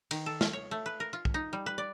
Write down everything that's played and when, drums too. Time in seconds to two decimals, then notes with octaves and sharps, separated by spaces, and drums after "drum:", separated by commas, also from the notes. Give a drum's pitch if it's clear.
0.11 D#3, drum: cymbal
0.26 A4
0.41 F4, drum: snare
0.53 C#5
0.71 A3
0.86 B4
1.00 A#4
1.13 F4
1.25 drum: kick B1
1.34 D#4
1.53 G3
1.66 B4
1.78 D5